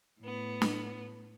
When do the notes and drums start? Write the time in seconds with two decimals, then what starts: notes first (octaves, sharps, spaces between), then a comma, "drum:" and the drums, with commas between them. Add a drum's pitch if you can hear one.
0.20 A2 B3
0.62 drum: snare